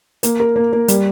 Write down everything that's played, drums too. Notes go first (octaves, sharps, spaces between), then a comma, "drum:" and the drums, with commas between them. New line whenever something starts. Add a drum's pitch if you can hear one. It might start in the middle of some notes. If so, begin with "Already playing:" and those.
A#3, drum: hi-hat
A#4
A#3
A#3
G3, drum: hi-hat